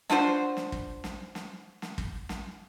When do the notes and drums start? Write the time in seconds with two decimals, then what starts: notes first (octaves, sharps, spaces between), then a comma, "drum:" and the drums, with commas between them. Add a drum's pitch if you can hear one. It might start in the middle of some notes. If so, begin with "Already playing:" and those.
0.10 D4 F4 F#4 C5, drum: snare
0.57 drum: snare
0.72 drum: kick
1.04 drum: snare
1.35 drum: snare
1.82 drum: snare
1.98 drum: kick
2.29 drum: snare